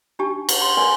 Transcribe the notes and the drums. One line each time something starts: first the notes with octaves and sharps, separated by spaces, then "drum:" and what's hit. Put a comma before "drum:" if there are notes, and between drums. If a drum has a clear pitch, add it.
D4 D#4 G4 A5 C#6
B4, drum: cymbal
C6
A#4 B4 D5 G#5 C6